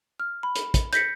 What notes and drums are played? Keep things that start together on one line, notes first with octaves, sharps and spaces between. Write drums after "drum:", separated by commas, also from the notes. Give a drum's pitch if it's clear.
F6
B5
drum: hi-hat
drum: kick, hi-hat
G6 A#6 B6 C#7, drum: hi-hat